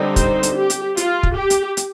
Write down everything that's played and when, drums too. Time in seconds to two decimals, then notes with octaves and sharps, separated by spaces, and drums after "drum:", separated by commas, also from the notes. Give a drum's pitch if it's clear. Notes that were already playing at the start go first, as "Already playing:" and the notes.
Already playing: D3 G3 C4 D#4
0.16 C5, drum: kick, hi-hat
0.43 drum: hi-hat
0.56 G4
0.70 drum: hi-hat
0.97 F4, drum: hi-hat
1.23 drum: kick
1.37 G4
1.50 drum: hi-hat
1.77 drum: hi-hat